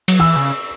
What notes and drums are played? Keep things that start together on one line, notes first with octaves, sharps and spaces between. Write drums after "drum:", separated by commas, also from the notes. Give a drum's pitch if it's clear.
F#3, drum: cymbal
E3 E6
C#3